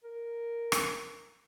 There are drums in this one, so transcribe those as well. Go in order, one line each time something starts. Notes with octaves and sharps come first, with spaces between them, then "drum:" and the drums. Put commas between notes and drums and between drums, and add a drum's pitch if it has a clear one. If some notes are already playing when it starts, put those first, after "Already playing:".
A#4
drum: rim click